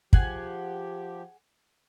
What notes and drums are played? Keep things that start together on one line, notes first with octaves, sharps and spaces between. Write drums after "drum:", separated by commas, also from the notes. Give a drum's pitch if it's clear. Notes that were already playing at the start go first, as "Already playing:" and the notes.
F3 G4 G#4 F#5 G#5, drum: kick